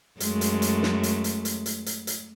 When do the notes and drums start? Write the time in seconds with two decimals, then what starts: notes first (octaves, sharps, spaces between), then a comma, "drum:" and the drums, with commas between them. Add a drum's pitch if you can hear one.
0.20 F#2 G#3 A3, drum: hi-hat
0.41 drum: hi-hat
0.62 drum: hi-hat
0.83 drum: snare
1.03 drum: hi-hat
1.24 drum: hi-hat
1.45 drum: hi-hat
1.66 drum: hi-hat
1.86 drum: hi-hat
2.07 drum: hi-hat